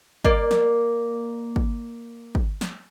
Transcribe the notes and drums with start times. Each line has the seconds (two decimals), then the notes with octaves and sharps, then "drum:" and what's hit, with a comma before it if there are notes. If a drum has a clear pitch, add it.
0.25 A#3 D5, drum: kick
0.51 drum: snare
1.56 drum: kick
2.35 drum: kick
2.61 drum: snare